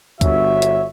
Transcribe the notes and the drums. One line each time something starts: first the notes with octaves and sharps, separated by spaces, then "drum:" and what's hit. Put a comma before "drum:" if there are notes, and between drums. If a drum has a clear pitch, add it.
G1 F#4 C#5 E5, drum: kick, hi-hat
drum: hi-hat